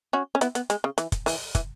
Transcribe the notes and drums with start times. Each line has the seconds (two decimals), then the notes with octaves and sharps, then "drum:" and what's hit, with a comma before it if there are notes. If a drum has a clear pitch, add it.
0.13 C#4 F#4
0.35 C#4
0.41 B3 E4, drum: hi-hat
0.55 B3, drum: hi-hat
0.70 G#3, drum: hi-hat
0.84 C#3
0.98 E3, drum: hi-hat
1.12 drum: kick, hi-hat
1.26 E3, drum: open hi-hat
1.55 E3, drum: kick, hi-hat